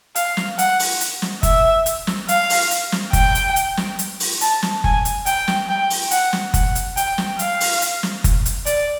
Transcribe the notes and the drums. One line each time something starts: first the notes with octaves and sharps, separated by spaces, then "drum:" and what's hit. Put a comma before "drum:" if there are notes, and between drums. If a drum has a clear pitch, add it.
F5, drum: hi-hat
drum: snare
F#5, drum: hi-hat
drum: open hi-hat
drum: hi-hat
drum: snare
E5, drum: kick F#1, hi-hat
drum: hi-hat
drum: snare
F5, drum: hi-hat
drum: open hi-hat
drum: hi-hat
drum: snare
G5, drum: kick F#1, hi-hat
drum: hi-hat
drum: hi-hat
drum: snare
drum: hi-hat
drum: open hi-hat
A5, drum: hi-hat
drum: snare
G#5, drum: kick F#1
drum: hi-hat
G5, drum: hi-hat
drum: snare
G5
drum: open hi-hat
F#5, drum: hi-hat
drum: snare
F#5, drum: kick F#1, hi-hat
drum: hi-hat
G5, drum: hi-hat
drum: snare
F5, drum: hi-hat
drum: open hi-hat
drum: hi-hat
drum: snare
drum: kick F#1, hi-hat
drum: hi-hat
D5, drum: hi-hat